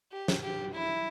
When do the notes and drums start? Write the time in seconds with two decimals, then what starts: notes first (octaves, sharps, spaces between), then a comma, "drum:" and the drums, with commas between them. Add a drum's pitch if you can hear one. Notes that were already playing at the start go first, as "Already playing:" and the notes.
0.12 G4
0.28 drum: snare
0.43 G4
0.74 E4